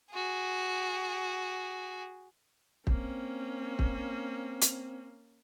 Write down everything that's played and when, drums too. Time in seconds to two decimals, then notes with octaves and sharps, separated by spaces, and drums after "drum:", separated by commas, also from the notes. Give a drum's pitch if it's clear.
0.10 F#4 G#4
2.87 A#3 C4 C#4, drum: kick
3.79 drum: kick
4.61 drum: hi-hat